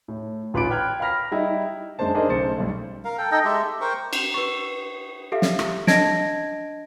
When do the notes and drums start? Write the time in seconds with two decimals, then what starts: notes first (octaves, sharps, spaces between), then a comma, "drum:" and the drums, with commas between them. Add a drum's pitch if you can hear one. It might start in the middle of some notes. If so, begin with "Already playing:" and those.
0.08 A2
0.54 A1 F4 B4 B5 D6 D7
0.70 B4 G5 F6 F#6 G#6
1.00 F5 B5 F6 A#6 B6
1.31 G3 D#4 E4 G4
1.99 F#2 G#3 D4 C5 A5
2.15 D4 D#4 G#4 A#4 C5 D#5
2.28 B1 C#3 A3 C5 A6 C#7
2.58 B1 G3
3.05 A#4 F5
3.18 A4 G5
3.32 D#4 A4 D#5 G5
3.45 G#3 G4 A4 E5
3.64 G4
3.81 A#4 C5 G5 C#6
4.13 drum: cymbal
4.34 B4 C#6
5.32 G4 A4 E5 F5
5.42 drum: snare
5.59 drum: rim click
5.87 D4 D#5 A5 G#6 A#6 D7, drum: snare